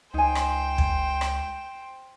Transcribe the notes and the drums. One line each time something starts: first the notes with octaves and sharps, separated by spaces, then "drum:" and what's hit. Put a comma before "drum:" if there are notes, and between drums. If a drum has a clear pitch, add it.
C#2 D#4 C5 G5 G#5
drum: rim click
drum: kick
drum: rim click